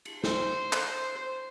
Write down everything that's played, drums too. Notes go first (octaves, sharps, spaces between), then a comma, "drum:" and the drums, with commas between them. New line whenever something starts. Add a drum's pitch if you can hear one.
drum: cymbal
C5, drum: snare
C5, drum: clap